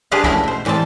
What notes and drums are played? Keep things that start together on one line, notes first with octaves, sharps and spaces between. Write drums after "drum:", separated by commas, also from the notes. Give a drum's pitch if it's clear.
D4 G4 G#4 B4 C5 F5
A3 B3 C#4 E4 A#4, drum: kick
B2 C5
A2 E3 G3 C4 A5